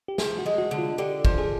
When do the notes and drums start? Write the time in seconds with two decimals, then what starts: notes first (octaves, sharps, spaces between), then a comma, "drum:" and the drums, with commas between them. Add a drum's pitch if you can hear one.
0.08 G4
0.18 F3 G#4, drum: snare
0.38 F#4
0.46 G#3
0.58 F#4
0.71 D3
0.78 F4
0.98 D3 G4
1.25 F3, drum: kick
1.38 G#4